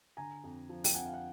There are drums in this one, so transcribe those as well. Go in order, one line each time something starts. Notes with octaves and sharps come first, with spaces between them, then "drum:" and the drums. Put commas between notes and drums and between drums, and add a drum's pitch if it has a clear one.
D3 G#5 A#5
F2
F3
G5, drum: open hi-hat
F2 F#5 G#5
F5
F#5